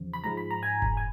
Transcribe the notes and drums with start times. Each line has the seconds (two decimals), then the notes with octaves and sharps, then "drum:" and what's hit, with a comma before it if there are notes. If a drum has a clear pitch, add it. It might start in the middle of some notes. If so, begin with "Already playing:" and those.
Already playing: E2 C#3 F3
0.13 B5
0.24 G#2 F3 G#3 A#5
0.37 B5
0.51 A#5
0.63 G#5
0.82 drum: kick F1
0.97 G#5